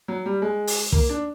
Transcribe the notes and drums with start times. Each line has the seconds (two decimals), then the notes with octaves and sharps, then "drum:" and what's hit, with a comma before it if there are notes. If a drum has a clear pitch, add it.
0.08 F#3
0.26 G3
0.42 G#3
0.67 drum: open hi-hat
0.92 A#3, drum: kick
1.09 D4